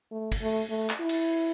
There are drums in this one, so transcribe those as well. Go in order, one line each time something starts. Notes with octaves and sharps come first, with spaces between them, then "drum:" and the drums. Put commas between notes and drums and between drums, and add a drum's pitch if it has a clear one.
A3
drum: kick, cymbal
A3
A3
drum: clap
E4
drum: cymbal